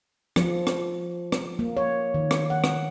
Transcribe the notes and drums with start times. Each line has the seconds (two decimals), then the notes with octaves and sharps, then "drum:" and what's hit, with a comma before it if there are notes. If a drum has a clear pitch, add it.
0.36 F3, drum: rim click
0.67 drum: rim click
1.32 drum: rim click
1.59 A#3
1.77 C#5
2.14 D#3
2.31 drum: rim click
2.50 F#5
2.64 drum: rim click